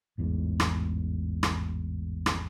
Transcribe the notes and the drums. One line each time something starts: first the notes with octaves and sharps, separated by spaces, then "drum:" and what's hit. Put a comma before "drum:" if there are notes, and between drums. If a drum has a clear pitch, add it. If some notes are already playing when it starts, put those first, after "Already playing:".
A1 E2 G#2
drum: rim click
drum: rim click
drum: rim click